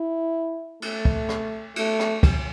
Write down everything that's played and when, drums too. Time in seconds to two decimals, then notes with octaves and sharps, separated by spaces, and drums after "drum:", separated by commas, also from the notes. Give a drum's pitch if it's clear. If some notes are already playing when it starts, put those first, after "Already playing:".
Already playing: E4
0.82 A3, drum: cymbal
1.05 drum: kick
1.29 drum: rim click
1.76 A3, drum: cymbal
1.99 drum: rim click
2.23 drum: kick, cymbal